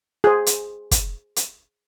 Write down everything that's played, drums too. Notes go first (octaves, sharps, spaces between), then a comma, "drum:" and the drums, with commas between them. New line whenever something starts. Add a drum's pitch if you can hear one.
G#4 C5
drum: hi-hat
drum: kick, hi-hat
drum: hi-hat